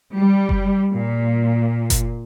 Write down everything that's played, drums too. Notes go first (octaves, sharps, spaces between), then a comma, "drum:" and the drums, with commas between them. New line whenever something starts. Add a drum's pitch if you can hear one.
G3
drum: kick F#1
A#2
drum: kick F#1, hi-hat